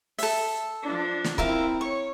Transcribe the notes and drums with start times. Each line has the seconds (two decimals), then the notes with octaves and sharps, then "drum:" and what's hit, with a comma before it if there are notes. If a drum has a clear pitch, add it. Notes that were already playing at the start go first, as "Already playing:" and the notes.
0.19 A4 E5, drum: open hi-hat
0.83 F3 D4
1.24 drum: snare
1.38 C4 E4 A#4 E5 F5, drum: kick C#1
1.81 C#5 C#6